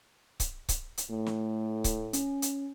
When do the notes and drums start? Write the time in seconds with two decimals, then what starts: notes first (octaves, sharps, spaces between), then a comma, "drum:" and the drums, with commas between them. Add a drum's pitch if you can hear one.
0.40 drum: kick C#1, hi-hat
0.69 drum: kick C#1, hi-hat
0.98 drum: hi-hat
1.10 A2 A3
1.26 drum: snare
1.84 drum: kick C#1, hi-hat
2.13 C#4, drum: hi-hat
2.42 drum: hi-hat